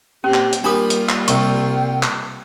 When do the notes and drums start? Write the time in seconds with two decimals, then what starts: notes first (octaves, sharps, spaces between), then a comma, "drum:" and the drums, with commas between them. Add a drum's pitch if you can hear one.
0.24 A#2 C4 C#4 G4
0.34 drum: clap
0.53 drum: hi-hat
0.64 G3 A#3 D4 F4 G4 A#4 B5 D#6
0.90 drum: hi-hat
1.09 drum: clap
1.28 C2 C3 G5 C#6, drum: hi-hat
2.03 drum: clap